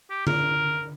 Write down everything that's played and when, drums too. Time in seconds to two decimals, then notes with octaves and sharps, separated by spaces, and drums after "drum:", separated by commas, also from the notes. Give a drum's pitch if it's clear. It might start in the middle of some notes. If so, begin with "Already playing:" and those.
0.10 G4
0.27 A#4, drum: tom D3